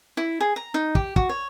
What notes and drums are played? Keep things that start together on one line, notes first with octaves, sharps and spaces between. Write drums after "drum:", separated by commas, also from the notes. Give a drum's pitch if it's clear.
E4
G#4
A#5
D#4
G4, drum: kick
F#4, drum: kick
C#5